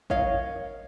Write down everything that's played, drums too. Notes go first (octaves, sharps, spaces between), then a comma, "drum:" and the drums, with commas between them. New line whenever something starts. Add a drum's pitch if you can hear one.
A#4 C#5 D#5 F5, drum: kick